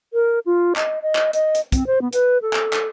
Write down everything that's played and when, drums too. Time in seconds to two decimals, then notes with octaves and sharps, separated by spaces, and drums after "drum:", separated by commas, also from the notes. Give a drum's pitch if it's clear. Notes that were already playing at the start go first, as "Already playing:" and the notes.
0.13 A#4
0.46 F4
0.76 D#5, drum: clap
1.02 D#5
1.15 drum: clap
1.33 D#5, drum: hi-hat
1.55 drum: hi-hat
1.72 C4, drum: kick, hi-hat
1.87 C5
2.01 B3
2.13 B4, drum: hi-hat
2.42 A4
2.53 drum: clap
2.73 drum: clap